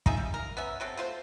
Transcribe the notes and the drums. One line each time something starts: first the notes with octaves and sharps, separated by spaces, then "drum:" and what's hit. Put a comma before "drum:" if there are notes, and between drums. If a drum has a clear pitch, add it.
D#4 F4 G#4 E5, drum: kick
G3
A#4
B3 C#4 E5
C3 F#3 C4 A4
A3 F4 C5